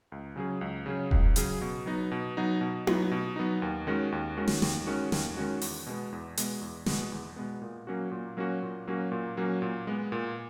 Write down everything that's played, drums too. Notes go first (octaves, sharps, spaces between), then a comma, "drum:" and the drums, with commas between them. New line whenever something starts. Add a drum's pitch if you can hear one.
C#2
C#3 F#3 C#4 G#4
C#2
C#3 F#3 C#4 G#4
C#2, drum: kick E1
C#3 F#3 C#4 G#4, drum: hi-hat
B2
F#3 B3 D#4
B2
F#3 B3 D#4
B2
F#3 B3 D#4, drum: tom E4
B2
F#3 B3 D#4
D#2
D#3 G#3 C#4 F#4
D#2
D#3 G#3 C#4 F#4
drum: snare
D#2, drum: snare
D#3 G#3 C#4 F#4
D#2, drum: snare
D#3 G#3 C#4 F#4
E2, drum: open hi-hat
B2 G#3 B3
E2
B2 G#3 B3, drum: hi-hat
E2
B2 G#3 B3, drum: snare
E2
B2 G#3 B3
A#2
F#3 A#3 C#4 F#4
A#2
F#3 A#3 C#4 F#4
A#2
F#3 A#3 C#4 F#4
A#2
F#3 A#3 C#4 F#4
A#2
G#3 B3
A#2